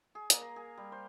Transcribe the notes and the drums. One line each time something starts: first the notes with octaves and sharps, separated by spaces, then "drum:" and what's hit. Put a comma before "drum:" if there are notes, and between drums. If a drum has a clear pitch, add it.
G#4
A#3, drum: hi-hat
A#5
G#4
G3
C5